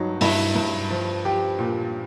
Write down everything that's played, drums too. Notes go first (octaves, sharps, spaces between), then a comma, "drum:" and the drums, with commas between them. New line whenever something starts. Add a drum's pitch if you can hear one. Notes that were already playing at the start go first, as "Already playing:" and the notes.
Already playing: G2 F#3 D#4
G2 E4, drum: open hi-hat
G2
F3
F3 G4
A#2